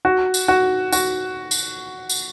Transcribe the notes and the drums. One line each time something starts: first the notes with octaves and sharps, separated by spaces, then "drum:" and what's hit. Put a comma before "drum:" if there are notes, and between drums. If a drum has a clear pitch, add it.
F#4
drum: tambourine
F#4
F#4, drum: tambourine
drum: tambourine
drum: tambourine